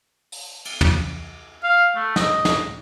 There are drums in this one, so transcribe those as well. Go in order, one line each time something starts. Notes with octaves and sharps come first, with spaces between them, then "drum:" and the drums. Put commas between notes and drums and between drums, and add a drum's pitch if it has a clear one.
drum: open hi-hat
drum: cymbal
drum: tom
F5
A3
D#5, drum: snare
drum: snare